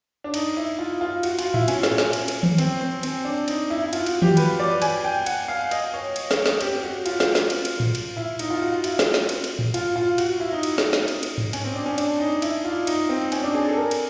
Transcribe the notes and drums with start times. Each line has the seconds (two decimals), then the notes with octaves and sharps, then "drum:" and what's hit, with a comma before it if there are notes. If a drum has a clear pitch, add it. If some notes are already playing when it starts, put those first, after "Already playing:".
0.24 D4
0.34 D#4, drum: cymbal
0.57 E4
0.79 F4
1.01 F4
1.23 F#4, drum: cymbal
1.39 F4, drum: cymbal
1.54 E4, drum: tom A2
1.68 C#4, drum: cymbal
1.83 drum: snare
1.98 drum: snare
2.13 drum: cymbal
2.28 drum: cymbal
2.43 drum: tom D#3
2.58 C4, drum: cymbal
2.81 C4
3.03 C4, drum: cymbal
3.25 D4
3.48 D#4, drum: cymbal
3.70 E4
3.82 E4
3.93 F4, drum: cymbal
4.06 F#4, drum: cymbal
4.22 G4, drum: tom D#3
4.37 B4, drum: cymbal
4.60 D5
4.82 G#5, drum: cymbal
5.04 G5
5.26 F#5, drum: cymbal
5.48 F5
5.71 D#5, drum: cymbal
5.94 C#5
6.16 drum: cymbal
6.31 drum: snare
6.46 drum: snare
6.61 G4, drum: cymbal
6.83 F#4
7.06 F4, drum: cymbal
7.20 drum: snare
7.35 drum: snare
7.50 drum: cymbal
7.65 drum: cymbal
7.80 drum: tom A2
7.95 drum: cymbal
8.17 E4
8.39 D#4, drum: cymbal
8.50 F4
8.62 F#4
8.72 F4
8.84 E4, drum: cymbal
8.99 drum: snare
9.14 drum: snare
9.29 drum: cymbal
9.44 drum: cymbal
9.59 drum: tom A2
9.74 F4, drum: cymbal
9.96 F4
10.18 F#4, drum: cymbal
10.29 F#4
10.40 E4
10.52 D#4
10.63 drum: cymbal
10.78 drum: snare
10.93 drum: snare
11.08 drum: cymbal
11.23 drum: cymbal
11.38 drum: tom G#2
11.53 C#4, drum: cymbal
11.64 C4
11.75 D4
11.86 C#4
11.98 D4, drum: cymbal
12.20 D#4
12.42 E4, drum: cymbal
12.65 F4
12.87 D#4, drum: cymbal
13.09 C4
13.32 C#4, drum: cymbal
13.43 D4
13.55 G#4
13.66 A4
13.77 A#4
13.91 drum: cymbal